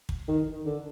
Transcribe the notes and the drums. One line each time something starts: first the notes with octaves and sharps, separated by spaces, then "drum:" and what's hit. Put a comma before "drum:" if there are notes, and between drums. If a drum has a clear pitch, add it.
drum: kick
D#3
D3